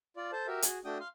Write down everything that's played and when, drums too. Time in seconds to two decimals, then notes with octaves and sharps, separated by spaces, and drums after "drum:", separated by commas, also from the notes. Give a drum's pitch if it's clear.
0.17 F4 D5
0.32 A4 C5 A5
0.47 F#4 G4 A#4 E5
0.62 F#4 G#4, drum: hi-hat
0.85 A3 D4 F#4 G5 D#6
1.00 F5 C6